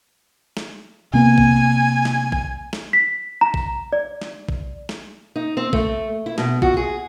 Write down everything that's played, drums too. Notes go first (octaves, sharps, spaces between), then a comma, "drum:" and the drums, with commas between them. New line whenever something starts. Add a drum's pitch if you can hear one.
drum: snare
C3 A#3 B3 G#5
drum: kick
drum: snare
drum: kick
drum: snare
B6
A#5
drum: kick
D5
drum: snare
drum: kick
drum: snare
D#4
C4
A3, drum: kick
E4
B2, drum: snare
F#4, drum: kick
G#4